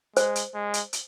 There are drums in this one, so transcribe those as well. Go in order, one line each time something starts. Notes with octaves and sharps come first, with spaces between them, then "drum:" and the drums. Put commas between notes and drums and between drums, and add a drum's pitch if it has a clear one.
G#3 C5, drum: hi-hat
drum: hi-hat
G#3
drum: hi-hat
drum: hi-hat